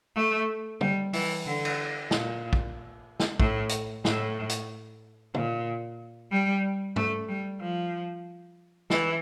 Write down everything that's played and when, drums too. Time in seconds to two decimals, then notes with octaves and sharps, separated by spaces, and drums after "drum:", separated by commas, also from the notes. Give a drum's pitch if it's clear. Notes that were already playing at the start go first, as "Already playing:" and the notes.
0.16 A3
0.81 G3, drum: tom
1.13 E3, drum: open hi-hat
1.45 D3
1.65 drum: cymbal
2.11 A#2, drum: snare
2.53 drum: kick
3.20 drum: snare
3.40 A2, drum: kick
3.69 drum: hi-hat
4.05 A2, drum: snare
4.49 drum: hi-hat
5.34 A#2, drum: tom
6.31 G3
6.96 A3, drum: tom G#2
7.28 G3
7.60 F3
8.90 E3, drum: snare